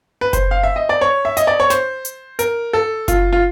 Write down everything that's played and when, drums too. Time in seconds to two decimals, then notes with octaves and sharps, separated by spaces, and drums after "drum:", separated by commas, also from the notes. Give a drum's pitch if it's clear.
0.21 B4
0.33 C5, drum: kick F#1, hi-hat
0.51 F5
0.63 E5
0.76 D#5
0.89 D5
1.01 C#5
1.25 E5
1.37 D#5, drum: hi-hat
1.47 D5
1.60 C#5
1.70 C5, drum: snare
2.05 drum: hi-hat
2.39 A#4, drum: hi-hat
2.73 A4
3.08 F4, drum: kick F#1, hi-hat
3.33 F4